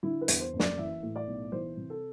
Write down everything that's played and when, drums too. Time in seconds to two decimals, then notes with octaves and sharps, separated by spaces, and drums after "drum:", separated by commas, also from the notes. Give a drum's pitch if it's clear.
0.03 D3 E4
0.21 B4
0.28 E2, drum: hi-hat
0.40 C5
0.53 F#1
0.60 D5, drum: snare
0.78 E3 E5
1.03 A2
1.16 D5
1.27 B1
1.52 E3 C5
1.77 C3
1.90 A4